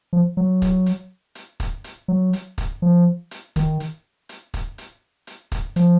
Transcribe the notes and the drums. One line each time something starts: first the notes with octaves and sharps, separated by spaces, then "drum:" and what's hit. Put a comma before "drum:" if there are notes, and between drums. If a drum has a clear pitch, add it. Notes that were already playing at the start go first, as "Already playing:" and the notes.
F3
F#3
drum: kick, hi-hat
drum: hi-hat
drum: hi-hat
drum: kick, hi-hat
drum: hi-hat
F#3
drum: hi-hat
drum: kick, hi-hat
F3
drum: hi-hat
D#3, drum: kick, hi-hat
drum: hi-hat
drum: hi-hat
drum: kick, hi-hat
drum: hi-hat
drum: hi-hat
drum: kick, hi-hat
F3, drum: hi-hat